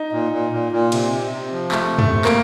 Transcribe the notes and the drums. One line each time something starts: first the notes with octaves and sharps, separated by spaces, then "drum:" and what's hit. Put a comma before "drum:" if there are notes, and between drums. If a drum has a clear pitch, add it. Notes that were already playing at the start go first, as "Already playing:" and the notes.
Already playing: D#4
A#2
A#2
A#2
A#2
C3, drum: cymbal
C3
C3
F3
C3 A3, drum: clap
C3
A3, drum: tom
C3
A#3, drum: clap